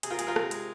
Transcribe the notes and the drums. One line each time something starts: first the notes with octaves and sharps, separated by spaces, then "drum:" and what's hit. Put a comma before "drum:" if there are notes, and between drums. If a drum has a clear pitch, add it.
C3 G#4, drum: hi-hat
F4 A#4
G#3 G#4, drum: hi-hat
F4 A#4
C3, drum: rim click
G#3, drum: hi-hat